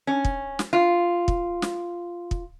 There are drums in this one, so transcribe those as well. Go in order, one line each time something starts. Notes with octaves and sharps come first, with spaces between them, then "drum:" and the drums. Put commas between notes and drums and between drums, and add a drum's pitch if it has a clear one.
C#4
drum: kick
drum: snare
F4
drum: kick
drum: snare
drum: kick